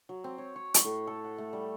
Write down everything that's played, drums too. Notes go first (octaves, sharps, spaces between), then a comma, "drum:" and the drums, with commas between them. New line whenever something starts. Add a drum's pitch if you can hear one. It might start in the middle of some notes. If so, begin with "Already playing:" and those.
F#3
C4
C#5
C#5
drum: hi-hat
A2
A4
F#5
A3
G3